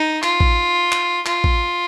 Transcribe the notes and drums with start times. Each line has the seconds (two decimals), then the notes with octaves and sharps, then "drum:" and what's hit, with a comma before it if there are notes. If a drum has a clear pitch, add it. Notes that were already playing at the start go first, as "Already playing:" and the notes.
Already playing: D#4
0.23 F4, drum: clap
0.40 drum: kick A1
0.92 drum: clap
1.26 F4, drum: clap
1.44 drum: kick A1